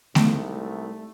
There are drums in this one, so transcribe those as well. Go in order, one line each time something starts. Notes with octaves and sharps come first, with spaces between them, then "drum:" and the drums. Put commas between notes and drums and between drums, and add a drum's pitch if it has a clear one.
C2 G#3 A3 D#4, drum: snare A3